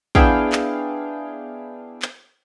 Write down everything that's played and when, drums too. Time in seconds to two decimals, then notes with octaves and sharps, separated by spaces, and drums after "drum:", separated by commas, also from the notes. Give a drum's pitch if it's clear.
0.15 B3 D4 E4 G#4 F5 G5, drum: kick
0.52 drum: clap
2.02 drum: clap